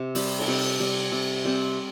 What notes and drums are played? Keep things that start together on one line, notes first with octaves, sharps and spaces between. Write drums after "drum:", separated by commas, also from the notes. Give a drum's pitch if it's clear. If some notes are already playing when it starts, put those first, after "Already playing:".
Already playing: C3
G3 C4, drum: open hi-hat
drum: cymbal
C3
G3 C4
C3
G3 C4